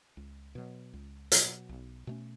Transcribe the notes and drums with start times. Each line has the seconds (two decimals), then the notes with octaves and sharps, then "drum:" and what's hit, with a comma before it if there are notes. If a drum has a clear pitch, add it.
0.17 C#2
0.55 B2 F#3
0.93 C#2
1.32 B2 F#3, drum: hi-hat
1.69 B1
2.07 B2 A3 C#4